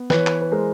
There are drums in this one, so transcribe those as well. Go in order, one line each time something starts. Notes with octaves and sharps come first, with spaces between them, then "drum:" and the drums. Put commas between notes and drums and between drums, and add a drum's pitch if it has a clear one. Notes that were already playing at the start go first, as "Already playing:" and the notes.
Already playing: B3
E3 B4 C#5, drum: snare
drum: clap
B4
G#3 A#4 C5